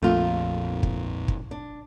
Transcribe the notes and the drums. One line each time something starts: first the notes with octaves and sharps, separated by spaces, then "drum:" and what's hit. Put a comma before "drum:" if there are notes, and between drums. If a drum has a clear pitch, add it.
A#1 F2 A3 F4
drum: kick
drum: kick
D4